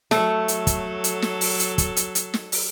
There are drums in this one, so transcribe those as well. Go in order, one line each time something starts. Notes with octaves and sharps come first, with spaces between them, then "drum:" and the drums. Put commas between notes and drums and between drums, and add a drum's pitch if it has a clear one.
F#3 A3 A4, drum: snare
drum: hi-hat
drum: kick, hi-hat
drum: hi-hat
drum: snare
drum: open hi-hat
drum: hi-hat
drum: kick, hi-hat
drum: hi-hat
drum: hi-hat
drum: snare
drum: open hi-hat